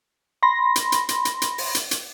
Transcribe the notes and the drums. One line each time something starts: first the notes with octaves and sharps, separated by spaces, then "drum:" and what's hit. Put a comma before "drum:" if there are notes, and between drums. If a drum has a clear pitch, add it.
B5 C6 A#6
drum: hi-hat
drum: hi-hat
drum: hi-hat
drum: hi-hat
drum: hi-hat
drum: open hi-hat
drum: hi-hat
drum: hi-hat